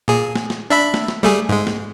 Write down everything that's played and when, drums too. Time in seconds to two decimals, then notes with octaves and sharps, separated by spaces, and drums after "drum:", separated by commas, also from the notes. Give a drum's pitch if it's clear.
0.08 A#2 G#4
0.35 drum: snare
0.50 drum: snare
0.70 D4 E5 B5
0.94 drum: snare
1.08 drum: snare
1.23 G3 A3 G#4
1.49 G#2 G#3
1.67 drum: snare